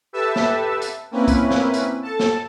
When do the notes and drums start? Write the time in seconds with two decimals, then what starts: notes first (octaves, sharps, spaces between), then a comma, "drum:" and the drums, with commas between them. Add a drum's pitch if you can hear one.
0.13 G4 A4 B4 E5 A5 E6
0.36 drum: snare
0.82 drum: hi-hat
1.11 A#3 C4 C#4 E4 B4
1.28 drum: kick, hi-hat
1.51 drum: snare
1.74 drum: hi-hat
2.02 A4 A5
2.20 drum: snare